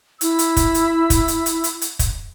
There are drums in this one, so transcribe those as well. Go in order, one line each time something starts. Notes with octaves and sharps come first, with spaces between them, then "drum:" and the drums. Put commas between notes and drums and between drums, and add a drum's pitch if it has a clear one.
E4 E6, drum: hi-hat
drum: hi-hat
drum: kick, hi-hat
drum: hi-hat
drum: kick, hi-hat
drum: hi-hat
drum: hi-hat
drum: hi-hat
drum: hi-hat
drum: kick, hi-hat